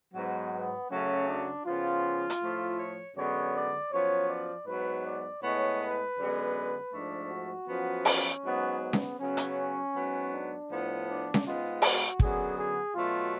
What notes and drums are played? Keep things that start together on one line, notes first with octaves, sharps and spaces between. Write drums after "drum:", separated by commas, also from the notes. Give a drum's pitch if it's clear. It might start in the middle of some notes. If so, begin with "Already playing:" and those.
G#2 F#3 B3
B3
F#2 C#3 F#3 A3 C#4
D4
C#3 F3 B3 F4
drum: hi-hat
A2 F3 A3
C#5
F#2 D3 G#3 B3 C#5
D5
F#2 F3 B3 C#5
D5
G#2 F#3 B3 B4
D5
A2 G#3 B3 C#5
B4
F#2 D3 G#3 B3
G#2 F3 A3 D4
F#4
F#2 F3 B3
C#4, drum: open hi-hat
G#2 F#3 B3
B3
drum: snare C#4
C#3 F#3 B3 C#4
drum: hi-hat
G#2 F#3 B3
D4
A2 F3 B3
D4
drum: snare C#4
G#2 G#3 B3 F4
F#4, drum: open hi-hat
F#2 D3 F#3 B3 G#4, drum: kick
G#4
B2 F#3 A3 F4